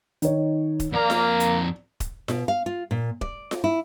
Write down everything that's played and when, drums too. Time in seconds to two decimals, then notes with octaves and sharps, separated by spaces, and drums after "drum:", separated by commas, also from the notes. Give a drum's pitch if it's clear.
0.22 D#3 D#4 C#5, drum: hi-hat
0.80 drum: kick D#1, hi-hat
0.93 F2 A#3 D5 A#5
1.10 drum: snare F4
1.40 drum: hi-hat
2.00 drum: kick D#1, hi-hat
2.28 B2, drum: snare F4
2.48 F5
2.66 F4
2.91 A#2
3.21 D5, drum: kick D#1
3.51 drum: snare F4
3.64 E4